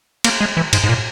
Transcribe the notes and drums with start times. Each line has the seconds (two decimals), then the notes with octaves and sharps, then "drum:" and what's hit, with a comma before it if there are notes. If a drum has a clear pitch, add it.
0.24 A#3, drum: cymbal
0.41 G#3
0.57 E3
0.73 G#2, drum: cymbal
0.84 G#2
0.89 A#2